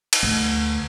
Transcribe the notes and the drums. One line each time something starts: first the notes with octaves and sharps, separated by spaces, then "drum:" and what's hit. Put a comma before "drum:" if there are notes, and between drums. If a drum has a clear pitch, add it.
drum: cymbal
D2